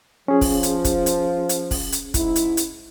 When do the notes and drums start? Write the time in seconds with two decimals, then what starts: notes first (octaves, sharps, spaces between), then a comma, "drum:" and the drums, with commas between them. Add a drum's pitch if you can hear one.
0.28 F3 C#4 G#4
0.41 drum: kick, open hi-hat
0.63 drum: hi-hat
0.85 drum: kick, hi-hat
1.06 drum: hi-hat
1.49 drum: hi-hat
1.71 drum: kick, open hi-hat
1.92 drum: hi-hat
2.14 G#2 E4, drum: kick, hi-hat
2.36 drum: hi-hat
2.57 drum: hi-hat